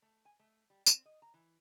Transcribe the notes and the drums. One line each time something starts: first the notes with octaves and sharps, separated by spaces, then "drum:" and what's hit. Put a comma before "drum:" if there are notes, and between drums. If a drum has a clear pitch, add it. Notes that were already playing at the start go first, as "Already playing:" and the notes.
A3
G#5
A3
G3
C4, drum: tambourine
D#5
A#5
E3